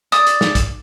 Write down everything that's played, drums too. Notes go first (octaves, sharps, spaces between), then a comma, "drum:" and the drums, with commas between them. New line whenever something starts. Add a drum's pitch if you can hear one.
D5 D#6, drum: hi-hat
drum: hi-hat
drum: snare
drum: kick, hi-hat